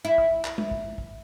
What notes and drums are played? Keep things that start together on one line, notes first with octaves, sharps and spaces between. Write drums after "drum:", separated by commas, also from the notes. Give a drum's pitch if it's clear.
E4
drum: kick
drum: clap
drum: tom G#3
drum: kick
drum: kick